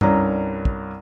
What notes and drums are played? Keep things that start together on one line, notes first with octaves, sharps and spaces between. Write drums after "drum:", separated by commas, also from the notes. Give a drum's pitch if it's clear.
C2 G2 C#4 A#5, drum: tom F#2
drum: kick